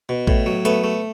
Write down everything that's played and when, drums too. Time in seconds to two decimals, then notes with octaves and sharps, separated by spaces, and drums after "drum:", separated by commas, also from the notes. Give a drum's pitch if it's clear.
0.09 B2
0.27 A2, drum: kick A1
0.46 F#3
0.65 A3 B3, drum: hi-hat
0.84 A3